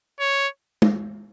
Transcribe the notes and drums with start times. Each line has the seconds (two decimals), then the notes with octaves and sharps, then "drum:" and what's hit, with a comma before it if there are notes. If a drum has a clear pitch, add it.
0.20 C#5
0.82 drum: tom